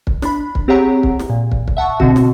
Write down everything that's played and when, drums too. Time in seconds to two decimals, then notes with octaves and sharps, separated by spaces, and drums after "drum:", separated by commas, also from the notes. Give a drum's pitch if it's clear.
0.07 drum: kick
0.22 D4 B5, drum: snare
0.55 drum: kick
0.68 C4 G4 G#4 C#5 F#5 A#5
1.03 drum: kick
1.19 drum: snare
1.30 A#2
1.52 drum: kick
1.68 drum: kick
1.77 E5 F#5 A5 C#6
2.00 B2 D3 C4 F#4, drum: kick
2.16 drum: snare